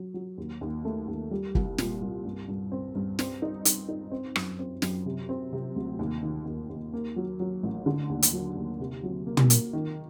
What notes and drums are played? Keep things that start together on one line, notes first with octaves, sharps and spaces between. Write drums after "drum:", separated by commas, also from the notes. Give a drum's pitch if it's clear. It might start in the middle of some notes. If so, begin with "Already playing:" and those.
Already playing: F#3
F#3
D#2
D#2
A3
D#2
G3
C2, drum: kick
A#2, drum: snare
C2
G2
G2
C4
G2
C4, drum: snare
D#4
D#4, drum: hi-hat
D#4
C4
F#2, drum: rim click
C4
F#2, drum: snare
C3
C4
C3
D2
D#2
D#3
D#2
D#2
A#3
F#3
F#3
A1
D3
D#2
drum: hi-hat
F#3
D#2
C3
F#3
A#3
drum: tom
A#3, drum: hi-hat
D#3